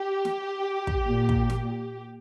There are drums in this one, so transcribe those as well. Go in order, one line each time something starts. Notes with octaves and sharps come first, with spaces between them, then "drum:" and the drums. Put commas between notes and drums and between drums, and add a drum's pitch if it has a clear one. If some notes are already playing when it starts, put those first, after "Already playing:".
Already playing: G4
drum: snare
drum: kick
A#2
drum: kick
drum: snare